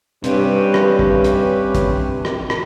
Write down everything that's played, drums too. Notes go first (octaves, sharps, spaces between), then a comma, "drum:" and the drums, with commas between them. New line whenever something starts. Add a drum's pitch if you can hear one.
G2 C3 C#4 G4 B4, drum: hi-hat
drum: rim click
drum: kick
drum: hi-hat
drum: kick, hi-hat
drum: rim click
drum: rim click